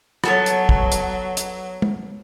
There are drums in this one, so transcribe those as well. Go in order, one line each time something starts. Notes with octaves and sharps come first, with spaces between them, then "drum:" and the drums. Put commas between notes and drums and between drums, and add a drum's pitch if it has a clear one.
F#3 B3 A4 C#5, drum: rim click
drum: hi-hat
drum: kick
drum: hi-hat
drum: hi-hat
drum: tom